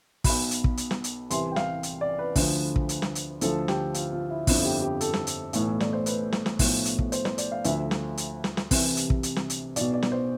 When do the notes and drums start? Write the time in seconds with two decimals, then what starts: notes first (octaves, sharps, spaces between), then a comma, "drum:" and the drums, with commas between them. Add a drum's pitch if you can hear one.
0.24 B1 B2 B5, drum: kick, open hi-hat
0.51 drum: hi-hat
0.64 drum: kick
0.77 drum: hi-hat
0.91 drum: snare
1.04 drum: hi-hat
1.30 C2 C3 E3 C6, drum: hi-hat
1.52 G5
1.56 F5, drum: snare
1.83 drum: hi-hat
2.01 D5
2.19 B4
2.36 D2 D3 F3, drum: kick, open hi-hat
2.76 drum: kick
2.89 drum: hi-hat
3.02 drum: snare
3.15 drum: hi-hat
3.41 D2 D3 F3 A4, drum: hi-hat
3.68 G4, drum: snare
3.94 F4, drum: hi-hat
4.12 F4
4.30 E4
4.47 G1 F2 D3 F3 E4, drum: kick, open hi-hat
4.65 G4
4.82 G4
5.01 A4, drum: hi-hat
5.14 drum: snare
5.27 drum: hi-hat
5.53 B1 A2 E3, drum: hi-hat
5.80 D5, drum: snare
5.93 C5
6.06 B4, drum: hi-hat
6.32 drum: snare
6.46 drum: snare
6.59 B1 A2 F3, drum: kick, open hi-hat
6.85 drum: hi-hat
6.99 drum: kick
7.12 C5, drum: hi-hat
7.25 C5, drum: snare
7.38 D5, drum: hi-hat
7.52 F5
7.64 D2 D3 F3 E5, drum: hi-hat
7.91 drum: snare
8.17 drum: hi-hat
8.44 drum: snare
8.57 drum: snare
8.71 C2 C3 E3, drum: kick, open hi-hat
8.97 drum: hi-hat
9.10 drum: kick
9.23 drum: hi-hat
9.36 drum: snare
9.50 drum: hi-hat
9.76 B1 B2 D5, drum: hi-hat
9.93 D5
10.02 drum: snare
10.12 C5